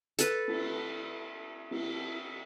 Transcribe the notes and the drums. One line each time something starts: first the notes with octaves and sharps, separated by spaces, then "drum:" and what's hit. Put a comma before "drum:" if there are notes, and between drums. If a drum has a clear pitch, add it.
A4 B4, drum: hi-hat
drum: cymbal
drum: cymbal